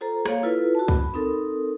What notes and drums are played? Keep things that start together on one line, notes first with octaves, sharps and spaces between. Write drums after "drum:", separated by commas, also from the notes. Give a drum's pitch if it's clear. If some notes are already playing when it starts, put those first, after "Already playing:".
F4 A4 C5 A#5
A#3 C#5 F5, drum: rim click
E4 F4 A4 B4
F#4 A5
B5, drum: kick C#2
C4 D#4 A4 A#4